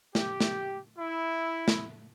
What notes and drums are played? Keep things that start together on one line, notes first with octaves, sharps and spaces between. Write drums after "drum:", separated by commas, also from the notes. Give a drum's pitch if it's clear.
G4, drum: snare
drum: snare
E4
drum: snare